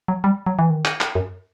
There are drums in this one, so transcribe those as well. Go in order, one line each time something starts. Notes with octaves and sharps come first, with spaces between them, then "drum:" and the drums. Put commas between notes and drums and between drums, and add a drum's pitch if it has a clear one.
F#3
G3
F#3
E3
D#3
drum: clap
drum: clap
F#2